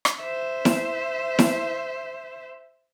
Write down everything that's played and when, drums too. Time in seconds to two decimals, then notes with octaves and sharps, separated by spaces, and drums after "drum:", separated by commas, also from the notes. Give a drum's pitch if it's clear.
0.05 drum: rim click
0.20 C5 E5
0.65 drum: snare E4
1.39 drum: snare E4